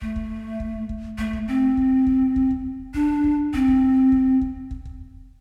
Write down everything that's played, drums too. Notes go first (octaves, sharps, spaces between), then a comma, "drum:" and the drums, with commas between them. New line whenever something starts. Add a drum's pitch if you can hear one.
A3, drum: kick
drum: kick
drum: kick
drum: kick
A3, drum: kick
drum: kick
C4
drum: kick
drum: kick
drum: kick
drum: kick
D4, drum: kick
drum: kick
C4, drum: kick
drum: kick
drum: kick
drum: kick
drum: kick
drum: kick